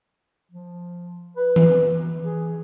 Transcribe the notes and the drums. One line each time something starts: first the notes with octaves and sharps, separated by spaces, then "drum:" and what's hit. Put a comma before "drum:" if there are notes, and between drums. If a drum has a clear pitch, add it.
F3
B4
drum: tom E3
G#4